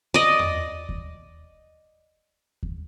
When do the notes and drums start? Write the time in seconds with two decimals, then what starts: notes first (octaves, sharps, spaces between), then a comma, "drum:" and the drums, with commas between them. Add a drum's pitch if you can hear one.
0.14 D5 D#5
0.39 drum: tom E2
0.89 drum: kick D#2
2.63 drum: kick D#2